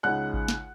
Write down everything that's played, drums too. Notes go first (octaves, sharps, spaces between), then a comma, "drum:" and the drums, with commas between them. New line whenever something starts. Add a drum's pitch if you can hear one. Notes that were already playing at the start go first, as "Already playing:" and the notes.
C#2 C#3 G#3 D#4 F#5 F#6
drum: kick G#1
drum: snare